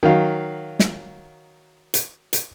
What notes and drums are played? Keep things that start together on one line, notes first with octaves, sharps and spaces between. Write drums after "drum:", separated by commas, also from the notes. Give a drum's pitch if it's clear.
D#3 F#3 F5
drum: snare
drum: hi-hat
drum: hi-hat